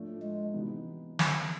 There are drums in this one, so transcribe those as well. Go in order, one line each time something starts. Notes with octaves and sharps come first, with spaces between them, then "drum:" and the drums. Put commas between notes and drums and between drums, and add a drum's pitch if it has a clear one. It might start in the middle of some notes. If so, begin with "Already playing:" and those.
Already playing: A2 F3 A3 D4
G#3
C3 E3 G3 B3 D#4
drum: snare